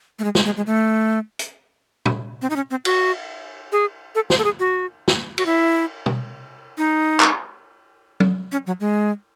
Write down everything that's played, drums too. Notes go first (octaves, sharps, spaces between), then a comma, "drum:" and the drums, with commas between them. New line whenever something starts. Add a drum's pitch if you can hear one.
A3
G#3
G#3, drum: snare
G#3
G#3
A3
drum: hi-hat
drum: tom
C4
D#4
C#4
C4
F#4, drum: cymbal
G#4
A4
C5, drum: snare
A4
G#4
F#4
drum: snare
F#4, drum: cymbal
E4
drum: tom
D#4
drum: clap
drum: tom F#3
C#4
F#3
G#3